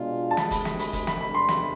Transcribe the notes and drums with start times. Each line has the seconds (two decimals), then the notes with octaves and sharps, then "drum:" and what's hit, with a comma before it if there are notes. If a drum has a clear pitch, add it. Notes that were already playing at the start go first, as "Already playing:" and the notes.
Already playing: B2 G#3 D4 F4
0.31 A5
0.37 D2 C3 G#3 B5, drum: snare
0.51 B5, drum: kick, hi-hat
0.65 B5, drum: snare
0.79 B5, drum: hi-hat
0.93 drum: kick, hi-hat
1.07 B5, drum: snare
1.21 C2 B2 G#3 D4 B5
1.34 C6
1.49 B5, drum: snare